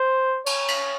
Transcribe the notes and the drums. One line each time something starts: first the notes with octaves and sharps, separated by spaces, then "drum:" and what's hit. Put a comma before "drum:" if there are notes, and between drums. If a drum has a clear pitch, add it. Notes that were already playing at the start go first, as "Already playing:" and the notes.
Already playing: C5
C#5, drum: cymbal
drum: cymbal